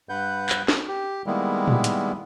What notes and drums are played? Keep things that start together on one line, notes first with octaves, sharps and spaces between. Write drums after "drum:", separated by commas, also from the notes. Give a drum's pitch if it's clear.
G2 B4 F#5 G6
drum: clap
drum: snare
G4
D#3 G3 G#3 A#3 B3 E4
drum: tom A2
drum: hi-hat